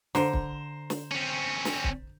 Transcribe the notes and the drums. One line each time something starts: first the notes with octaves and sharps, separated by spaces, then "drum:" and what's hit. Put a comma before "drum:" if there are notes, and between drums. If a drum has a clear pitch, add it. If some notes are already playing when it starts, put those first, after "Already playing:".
D3 C5 A#5, drum: snare
drum: kick
drum: snare
C4 C#4
drum: snare
drum: kick